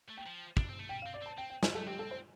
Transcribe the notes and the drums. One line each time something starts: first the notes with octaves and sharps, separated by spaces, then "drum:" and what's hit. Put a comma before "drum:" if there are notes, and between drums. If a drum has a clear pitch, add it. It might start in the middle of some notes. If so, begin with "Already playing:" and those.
A3
G5
F3
D4, drum: kick
C4
A3
G3 G5
F5
C4
D5
C4
A5
C4 G5
G5
C5, drum: snare
A3 A4
C4 G4
A4
C5